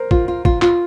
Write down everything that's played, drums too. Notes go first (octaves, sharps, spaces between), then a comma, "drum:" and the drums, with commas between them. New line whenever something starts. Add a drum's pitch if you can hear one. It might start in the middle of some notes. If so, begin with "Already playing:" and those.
Already playing: A#4 C5
F4, drum: kick
F4
F4, drum: kick
F4, drum: clap